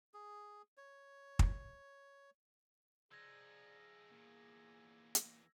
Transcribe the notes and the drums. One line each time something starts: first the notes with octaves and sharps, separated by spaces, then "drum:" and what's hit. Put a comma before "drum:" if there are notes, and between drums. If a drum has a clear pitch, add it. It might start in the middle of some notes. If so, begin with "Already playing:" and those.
G#4
C#5
drum: kick
F3 D#4 G#4 D5 C6 E6 G#6 A#6
E2 A#2 A#3
drum: hi-hat